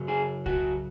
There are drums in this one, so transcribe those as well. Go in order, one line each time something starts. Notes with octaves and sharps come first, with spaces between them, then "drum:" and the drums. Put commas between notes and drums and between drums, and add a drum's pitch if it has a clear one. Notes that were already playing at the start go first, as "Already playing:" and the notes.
Already playing: F#2 C#3 F#3
G#4
F#4, drum: kick C2